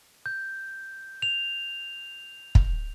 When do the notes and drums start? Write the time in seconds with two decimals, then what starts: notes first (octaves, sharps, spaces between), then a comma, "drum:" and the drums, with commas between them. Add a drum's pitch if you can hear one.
0.26 G6
1.22 F7
2.55 drum: kick